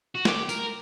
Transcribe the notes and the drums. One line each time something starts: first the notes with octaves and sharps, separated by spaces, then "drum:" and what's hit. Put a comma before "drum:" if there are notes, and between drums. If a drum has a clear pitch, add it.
F#4
G4, drum: snare
A#4, drum: tambourine